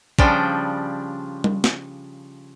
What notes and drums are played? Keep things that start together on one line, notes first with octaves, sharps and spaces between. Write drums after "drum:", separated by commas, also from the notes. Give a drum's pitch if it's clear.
C#3 F3 G3 D4, drum: kick
drum: tom G3
drum: snare